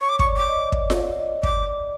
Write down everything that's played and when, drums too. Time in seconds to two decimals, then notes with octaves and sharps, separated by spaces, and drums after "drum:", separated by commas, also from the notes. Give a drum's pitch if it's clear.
0.01 C#5 C#6
0.09 D6
0.19 C#6, drum: kick
0.25 D5
0.37 D6
0.48 D#5
0.72 D5, drum: kick
0.90 drum: snare F4
1.19 D#5
1.43 D5 D6, drum: kick
1.66 D5